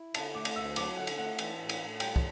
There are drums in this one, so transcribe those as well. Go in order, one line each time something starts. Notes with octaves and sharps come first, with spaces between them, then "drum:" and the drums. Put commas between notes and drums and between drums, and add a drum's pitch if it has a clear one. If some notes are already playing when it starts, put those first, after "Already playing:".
Already playing: E4
D3 A5, drum: cymbal
A3 D6
drum: cymbal
D2 E6
F#3 D6, drum: cymbal
D3 F#5
drum: cymbal
A3 F#5
E3, drum: cymbal
A2
drum: cymbal
A2
G3 G5, drum: cymbal
drum: kick